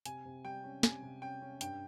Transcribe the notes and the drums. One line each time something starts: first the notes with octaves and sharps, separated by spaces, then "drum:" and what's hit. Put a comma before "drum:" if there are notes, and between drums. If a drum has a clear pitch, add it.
C3 G#5, drum: hi-hat
C3
G3 G5
C#4
C3 G#5, drum: snare
C3
C#4 G5
C#4
G2 G5, drum: hi-hat